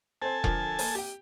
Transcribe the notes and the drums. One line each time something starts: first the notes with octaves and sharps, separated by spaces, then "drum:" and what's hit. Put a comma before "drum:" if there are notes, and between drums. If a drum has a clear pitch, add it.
C4 A4 C5 G#5 A5
D3 F3 A#4, drum: kick E1
A#3, drum: open hi-hat
G4 G5